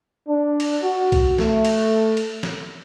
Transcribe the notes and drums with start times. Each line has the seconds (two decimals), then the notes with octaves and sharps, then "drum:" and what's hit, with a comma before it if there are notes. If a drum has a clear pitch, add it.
0.28 D4
0.60 drum: cymbal
0.82 F#4
1.12 drum: kick C2, cymbal
1.38 A3, drum: snare
1.65 drum: cymbal
2.17 drum: cymbal
2.43 drum: snare